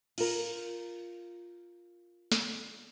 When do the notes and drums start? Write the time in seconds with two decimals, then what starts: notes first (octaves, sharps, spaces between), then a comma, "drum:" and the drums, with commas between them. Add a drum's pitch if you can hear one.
0.18 F4 A#4, drum: cymbal
2.32 drum: snare